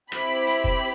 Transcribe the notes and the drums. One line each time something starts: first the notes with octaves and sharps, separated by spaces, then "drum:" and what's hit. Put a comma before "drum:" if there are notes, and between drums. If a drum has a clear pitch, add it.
C4 E4 G4 B5, drum: rim click
drum: hi-hat
drum: kick